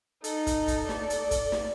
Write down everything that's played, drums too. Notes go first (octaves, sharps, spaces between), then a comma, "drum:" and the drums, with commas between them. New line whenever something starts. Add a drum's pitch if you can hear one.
D#4 A4, drum: hi-hat
drum: kick, hi-hat
drum: kick, hi-hat
D5, drum: snare
drum: hi-hat
drum: kick, hi-hat
drum: snare